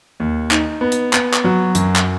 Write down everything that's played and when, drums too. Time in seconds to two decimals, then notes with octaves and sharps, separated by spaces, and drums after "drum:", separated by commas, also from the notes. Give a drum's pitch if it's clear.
0.20 D#2
0.51 D#4, drum: clap
0.81 B3
0.92 drum: hi-hat
1.13 B3, drum: clap
1.33 drum: clap
1.44 F#3
1.75 F#2, drum: hi-hat
1.96 drum: clap